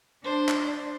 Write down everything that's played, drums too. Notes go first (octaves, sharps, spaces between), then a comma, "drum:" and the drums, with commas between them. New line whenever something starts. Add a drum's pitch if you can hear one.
D4 C5
drum: clap